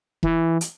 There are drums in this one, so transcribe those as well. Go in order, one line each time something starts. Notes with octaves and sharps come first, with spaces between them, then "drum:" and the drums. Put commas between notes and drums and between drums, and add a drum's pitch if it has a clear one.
E3, drum: kick E1
drum: hi-hat